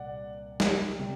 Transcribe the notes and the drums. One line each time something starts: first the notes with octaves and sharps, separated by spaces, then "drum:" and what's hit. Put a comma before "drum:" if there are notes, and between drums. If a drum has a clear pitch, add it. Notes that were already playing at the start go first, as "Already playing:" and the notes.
Already playing: C2 A#2 G3 D5 F#5
drum: snare
C3 G3